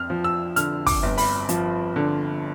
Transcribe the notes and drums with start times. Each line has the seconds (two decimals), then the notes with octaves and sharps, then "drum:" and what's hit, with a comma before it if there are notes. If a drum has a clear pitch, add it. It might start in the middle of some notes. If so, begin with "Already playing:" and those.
Already playing: F2 F6
0.10 F3
0.24 E6
0.56 D3 F6, drum: hi-hat
0.87 D6, drum: kick, open hi-hat
1.03 G1
1.18 B5, drum: open hi-hat
1.49 F3, drum: hi-hat
1.96 D3